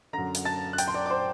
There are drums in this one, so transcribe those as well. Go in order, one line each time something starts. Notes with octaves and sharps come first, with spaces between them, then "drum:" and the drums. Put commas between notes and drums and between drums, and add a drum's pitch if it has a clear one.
F#2 D3 A#5 A#6
drum: hi-hat
A5 A6
F#6
G5 G6, drum: hi-hat
C6
D5 D6
D6
C5 C6